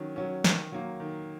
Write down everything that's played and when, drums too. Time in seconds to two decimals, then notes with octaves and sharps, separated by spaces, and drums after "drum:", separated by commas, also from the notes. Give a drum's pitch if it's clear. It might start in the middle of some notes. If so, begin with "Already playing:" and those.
Already playing: D#3 F#3 C#4
0.16 F#3 C#4
0.44 D#3, drum: snare
0.72 F#3 A#3
1.00 D#3